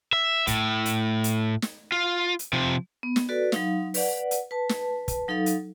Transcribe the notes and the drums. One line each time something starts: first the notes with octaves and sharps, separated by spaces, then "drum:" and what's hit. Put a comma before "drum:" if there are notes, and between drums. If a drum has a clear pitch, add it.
E5
A2, drum: kick, hi-hat
drum: hi-hat
drum: hi-hat
drum: snare
F4
drum: hi-hat
C3 F3
B3
drum: snare
F#4 A4 B4 D5
F#3 D#4 F5, drum: snare
B4 D5 F#5, drum: open hi-hat
drum: hi-hat
B4 A5
drum: snare
drum: kick, hi-hat
F#3 D#4 A4 F5
drum: hi-hat